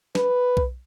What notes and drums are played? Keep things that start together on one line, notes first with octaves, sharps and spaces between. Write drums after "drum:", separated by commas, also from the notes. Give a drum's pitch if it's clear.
B4, drum: snare
drum: kick B1